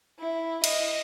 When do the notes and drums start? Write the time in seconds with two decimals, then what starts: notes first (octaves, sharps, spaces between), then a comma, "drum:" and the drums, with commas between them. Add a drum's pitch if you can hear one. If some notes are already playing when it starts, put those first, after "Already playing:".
0.20 E4
0.64 D#5, drum: cymbal